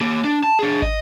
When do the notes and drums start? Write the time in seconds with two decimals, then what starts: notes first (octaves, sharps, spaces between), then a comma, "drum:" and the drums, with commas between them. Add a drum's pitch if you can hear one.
0.01 A#3 G4
0.24 D4
0.44 A5
0.59 D4 G#4
0.82 D#5, drum: kick